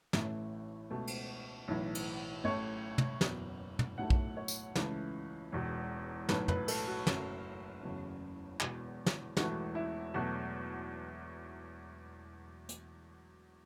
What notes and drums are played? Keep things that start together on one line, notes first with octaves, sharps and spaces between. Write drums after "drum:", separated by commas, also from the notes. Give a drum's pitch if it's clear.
A1 A2 E3 A3 E5, drum: snare
C#2 B2 A3
drum: cymbal
B1 A2 E3
drum: cymbal
A1 A2 A3 C#5
drum: tom
F#1 E2 B2, drum: snare
drum: tom
B1 A2 F#3 A3 F#5
drum: kick
C#5
drum: tambourine
C#2 C#3 E3 A3, drum: snare
E1 E2 B2
B1 A2 F#3 A3 B4, drum: snare
B4, drum: tom
A4, drum: cymbal
F#4
F#1 F#2 F#3 A3, drum: snare
F#1 E2 C#3 A3 F#4
E1 E2 B2, drum: clap
drum: snare
E1 E2 E3 A3 F#4, drum: snare
E4
E2 B2 F#3 A3 F#4
drum: hi-hat